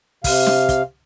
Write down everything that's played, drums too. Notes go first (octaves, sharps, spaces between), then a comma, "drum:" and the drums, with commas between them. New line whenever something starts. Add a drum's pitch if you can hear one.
C3 F5, drum: kick, open hi-hat
drum: snare
drum: kick, hi-hat